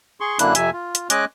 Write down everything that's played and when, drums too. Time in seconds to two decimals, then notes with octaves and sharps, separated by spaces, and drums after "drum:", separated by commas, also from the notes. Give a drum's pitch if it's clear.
0.20 G#4 C6 C#6
0.39 F#2 D3 A#3 D4 E4 F#6, drum: hi-hat
0.55 F2 C3 E5 G#5, drum: hi-hat
0.73 F4
0.95 drum: hi-hat
1.10 G#3 C#4 D#5 G#5 D6 F#6, drum: hi-hat